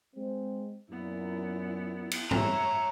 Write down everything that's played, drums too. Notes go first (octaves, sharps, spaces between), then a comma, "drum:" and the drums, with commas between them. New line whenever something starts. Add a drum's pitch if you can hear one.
G#3 C4
F#2 A#2 B3 E4
drum: cymbal
C#5 E5 A#5, drum: tom G#2